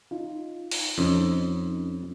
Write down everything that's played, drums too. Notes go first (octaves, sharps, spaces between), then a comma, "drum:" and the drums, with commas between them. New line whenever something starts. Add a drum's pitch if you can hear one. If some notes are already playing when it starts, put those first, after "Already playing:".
D#4 F4
drum: open hi-hat
F2 C#4 D#4